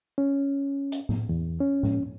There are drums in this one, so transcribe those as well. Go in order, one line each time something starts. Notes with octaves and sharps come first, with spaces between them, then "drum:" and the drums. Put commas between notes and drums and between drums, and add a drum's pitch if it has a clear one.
C#4
drum: hi-hat
drum: tom A2
E2
C#4
drum: tom A2